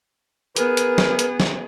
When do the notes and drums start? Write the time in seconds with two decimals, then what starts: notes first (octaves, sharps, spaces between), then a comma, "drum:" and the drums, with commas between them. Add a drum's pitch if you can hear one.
0.56 B3 G#4 A#4 B4, drum: hi-hat
0.77 drum: hi-hat
0.98 drum: snare
1.19 drum: hi-hat
1.40 drum: snare